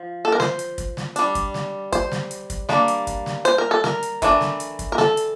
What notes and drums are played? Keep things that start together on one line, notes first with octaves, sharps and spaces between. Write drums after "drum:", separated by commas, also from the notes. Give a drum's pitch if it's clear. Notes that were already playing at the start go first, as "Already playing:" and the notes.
Already playing: F3
A4
A#4
C5, drum: snare
drum: hi-hat
drum: kick, hi-hat
drum: snare
G3 D4, drum: hi-hat
drum: kick, hi-hat
drum: snare
C5, drum: kick, hi-hat
drum: snare
drum: hi-hat
drum: kick, hi-hat
G3 A#3 D4, drum: snare
drum: hi-hat
drum: kick, hi-hat
drum: snare
C5, drum: hi-hat
A#4
A4
A#4, drum: snare
drum: hi-hat
E3 A3 D4, drum: kick, hi-hat
drum: snare
drum: hi-hat
drum: kick, hi-hat
A#4
A4, drum: snare
drum: hi-hat